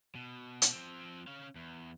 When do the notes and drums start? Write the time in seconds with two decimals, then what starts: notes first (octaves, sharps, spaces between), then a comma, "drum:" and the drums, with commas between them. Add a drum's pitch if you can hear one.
0.15 B2
0.62 drum: hi-hat
0.72 F3 C4
1.27 C#4 F5
1.56 E2